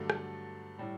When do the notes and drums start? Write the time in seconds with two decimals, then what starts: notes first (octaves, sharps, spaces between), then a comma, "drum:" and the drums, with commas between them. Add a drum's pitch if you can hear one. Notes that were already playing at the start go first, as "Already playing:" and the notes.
Already playing: G2 D3 F#3 A3 A4
0.10 drum: rim click
0.78 A2 G3